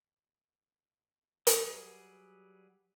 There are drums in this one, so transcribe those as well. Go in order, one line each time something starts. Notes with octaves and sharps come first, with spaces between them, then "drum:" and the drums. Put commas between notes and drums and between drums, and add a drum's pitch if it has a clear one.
F#3 G3 G#4 B4 F#5, drum: hi-hat